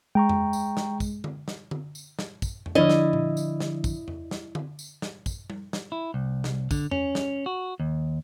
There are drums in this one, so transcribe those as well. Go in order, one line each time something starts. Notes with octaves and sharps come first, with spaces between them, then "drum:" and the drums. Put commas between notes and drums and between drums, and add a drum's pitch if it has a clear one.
G#3 G5 A#5 C#6
drum: tom E2
drum: tambourine
drum: snare
drum: kick, tambourine
drum: tom D3
drum: snare
drum: tom D3
drum: tambourine
drum: snare
drum: kick, tambourine
drum: tom E2
D3 F3 D4 E4 D5 D#5
drum: snare
drum: tom A#2
drum: tambourine
drum: snare
drum: kick, tambourine
drum: tom E2
drum: snare
drum: tom D3
drum: tambourine
drum: snare
drum: kick, tambourine
drum: tom G3
drum: snare
E4
C2
drum: snare
D3, drum: kick, tambourine
C#4, drum: tom E2
drum: snare
F#4
D#2